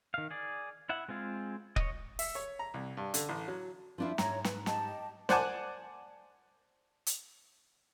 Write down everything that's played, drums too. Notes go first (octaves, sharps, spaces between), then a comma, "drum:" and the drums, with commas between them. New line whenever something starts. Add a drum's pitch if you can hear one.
D#3 F5
G#4 D5
E4 E5 F#5
G#3 C4 F4 G#4
C#5 D#5, drum: kick
E5, drum: open hi-hat
C#5
A#5
C2
G2
D3, drum: hi-hat
A1
F#3
F3 D4 E4 F4
G#2 C#5 A#5, drum: snare
B4, drum: snare
G4 D#5 A5, drum: snare
C5 D5 F#5 G#5 A5 D6, drum: snare
drum: hi-hat